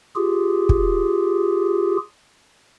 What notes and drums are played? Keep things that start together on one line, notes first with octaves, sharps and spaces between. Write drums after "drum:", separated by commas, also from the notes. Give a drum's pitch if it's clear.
F4 G4 G#4
drum: kick